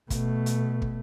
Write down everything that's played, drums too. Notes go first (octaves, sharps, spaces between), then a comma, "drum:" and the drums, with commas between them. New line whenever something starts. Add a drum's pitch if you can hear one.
B2 A3, drum: kick, hi-hat
drum: hi-hat
drum: kick